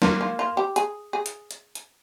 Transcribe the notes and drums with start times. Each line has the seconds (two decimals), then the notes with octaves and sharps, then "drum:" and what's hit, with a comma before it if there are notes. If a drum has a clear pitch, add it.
0.02 A#3 F4, drum: snare
0.21 F4
0.39 F4
0.57 G4
0.76 G#4, drum: hi-hat
1.13 G#4
1.26 drum: hi-hat
1.51 drum: hi-hat
1.75 drum: hi-hat